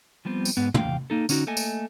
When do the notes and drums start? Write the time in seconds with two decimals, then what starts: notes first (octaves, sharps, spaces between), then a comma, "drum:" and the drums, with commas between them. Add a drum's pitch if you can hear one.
0.25 F3 G3 B3 C4
0.45 drum: tambourine
0.57 G#2 B3 B4
0.74 E2 F5 G5, drum: tom
1.10 A#3 D#4 A4
1.29 D3 C#4 D#4 F4 F#4, drum: tambourine
1.47 A3 A#3 A4 D#5 G#5
1.57 drum: tambourine